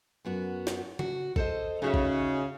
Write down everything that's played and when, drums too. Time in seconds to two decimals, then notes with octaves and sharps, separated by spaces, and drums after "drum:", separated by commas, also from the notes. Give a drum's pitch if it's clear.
0.25 F#2 B3 F#4
0.67 drum: snare
0.99 F#4, drum: tom C#3
1.36 A4 C5 D#5, drum: kick A1
1.82 C#3 D#4 F#4 E5
1.94 drum: kick A1